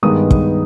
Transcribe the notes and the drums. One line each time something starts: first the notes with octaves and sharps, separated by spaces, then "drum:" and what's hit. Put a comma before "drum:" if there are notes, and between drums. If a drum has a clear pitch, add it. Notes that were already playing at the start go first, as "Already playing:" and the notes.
G2 D#3 G#3 B3 D#4 D#6
drum: kick